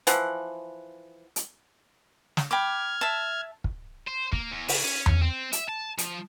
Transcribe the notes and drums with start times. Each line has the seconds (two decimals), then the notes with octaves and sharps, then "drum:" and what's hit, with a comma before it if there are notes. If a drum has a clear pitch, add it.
0.07 E3 F3 F#5, drum: hi-hat
1.36 drum: hi-hat
2.37 drum: snare
2.51 G5 B5 D6 F6 G#6
3.01 E5 A5
3.64 drum: kick
4.07 C5
4.33 A#3, drum: kick
4.52 E2
4.69 C#3, drum: open hi-hat
4.84 C#4
5.06 drum: tom E2
5.22 C4
5.53 E5, drum: hi-hat
5.69 A5
5.98 F3, drum: hi-hat